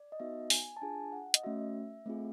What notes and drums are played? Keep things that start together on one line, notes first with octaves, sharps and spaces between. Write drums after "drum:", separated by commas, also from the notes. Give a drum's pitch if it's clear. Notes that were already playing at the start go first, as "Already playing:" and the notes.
Already playing: D5
D#5
B3 D#4 F#4 E5
G#5, drum: open hi-hat
A5
D4 F4 G#4 G#5
F#5
D#5, drum: hi-hat
A3 C#4 F#4 E5
A3 C4 F4 G#4